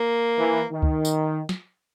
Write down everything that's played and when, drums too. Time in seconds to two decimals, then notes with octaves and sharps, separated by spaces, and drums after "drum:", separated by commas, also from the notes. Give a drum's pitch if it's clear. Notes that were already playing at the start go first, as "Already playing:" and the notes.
Already playing: A#3
0.38 E3
0.71 D#3
0.83 drum: kick C#2
1.05 drum: tambourine
1.49 drum: snare